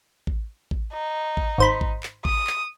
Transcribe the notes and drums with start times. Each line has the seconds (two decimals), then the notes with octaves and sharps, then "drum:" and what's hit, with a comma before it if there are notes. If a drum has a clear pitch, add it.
0.27 drum: kick A1
0.71 drum: kick A1
0.93 D#4
1.37 drum: kick A1
1.58 G#1 C5 B5
1.81 drum: kick A1
2.03 drum: clap
2.25 D#6, drum: kick A1
2.47 drum: clap